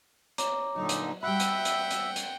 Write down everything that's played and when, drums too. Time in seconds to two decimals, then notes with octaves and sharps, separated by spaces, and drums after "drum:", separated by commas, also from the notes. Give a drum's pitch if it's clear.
0.38 C#5 A#5 D6, drum: hi-hat
0.76 A#2 D3 F#3 D#4
0.89 drum: hi-hat
1.23 G3 F#4 E5 F#5 G5 B5 F#6
1.40 drum: hi-hat
1.65 drum: hi-hat
1.91 drum: hi-hat
2.16 drum: hi-hat